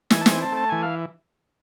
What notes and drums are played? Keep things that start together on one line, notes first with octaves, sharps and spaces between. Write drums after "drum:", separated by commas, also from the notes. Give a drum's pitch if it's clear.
E3 G#5, drum: snare
A5
G#5, drum: snare
C4
A5
A3 A5
E3 G#5
F5